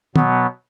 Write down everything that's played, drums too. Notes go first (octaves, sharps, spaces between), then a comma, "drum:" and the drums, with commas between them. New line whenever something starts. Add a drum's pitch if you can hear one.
B2 F#3 B3, drum: tom